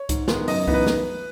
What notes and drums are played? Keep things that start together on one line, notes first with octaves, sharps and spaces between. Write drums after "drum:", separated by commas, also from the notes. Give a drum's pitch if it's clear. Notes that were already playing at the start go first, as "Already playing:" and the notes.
Already playing: C#5
G#2, drum: kick C2, hi-hat
D#3 G#3 B3, drum: snare
F#2 D#5, drum: open hi-hat
E3 B3 D#4, drum: kick C2
B4
drum: snare